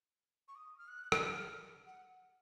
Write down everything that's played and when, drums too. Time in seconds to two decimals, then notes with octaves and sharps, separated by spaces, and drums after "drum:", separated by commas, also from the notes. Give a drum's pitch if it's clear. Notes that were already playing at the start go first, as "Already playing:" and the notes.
0.48 C#6
0.56 D#6
0.78 F6
0.88 F#6
1.12 F#6, drum: rim click
1.20 F6
1.86 F#5